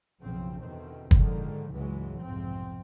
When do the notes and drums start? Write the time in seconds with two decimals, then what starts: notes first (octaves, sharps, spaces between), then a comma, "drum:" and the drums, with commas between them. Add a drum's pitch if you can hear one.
0.21 B1 F#2 C#3 F3 C4
0.60 E2 B2 D3 D#3 C4
1.11 G#2 D3 D#3 F3, drum: kick
1.73 C#2 G2 E3 F#3 G#3
2.20 B1 F2 G#2 C3 F3 C4